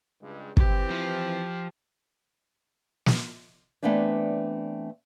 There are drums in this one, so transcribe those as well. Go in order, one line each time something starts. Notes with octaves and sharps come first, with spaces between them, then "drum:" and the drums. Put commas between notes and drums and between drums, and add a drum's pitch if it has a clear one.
C#2 G2 G#3
E3 C4 G4, drum: kick
F3
drum: snare
E3 A3 B3 C4 D4 D5